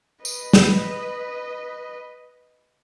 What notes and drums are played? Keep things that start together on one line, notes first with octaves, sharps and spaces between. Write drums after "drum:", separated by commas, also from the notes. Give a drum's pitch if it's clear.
B4 D#5, drum: tambourine
drum: snare